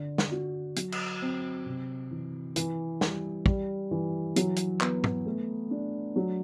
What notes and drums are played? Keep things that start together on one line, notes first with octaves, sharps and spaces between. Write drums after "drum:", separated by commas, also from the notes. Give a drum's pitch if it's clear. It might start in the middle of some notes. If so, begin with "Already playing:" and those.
Already playing: D3
drum: snare
F#4
F#3, drum: hi-hat
drum: cymbal
C4
C3
E3
E3, drum: hi-hat
G3, drum: snare
G3, drum: kick
E3
F#3, drum: hi-hat
drum: hi-hat
B3, drum: clap
drum: tom
A3
D4
F#3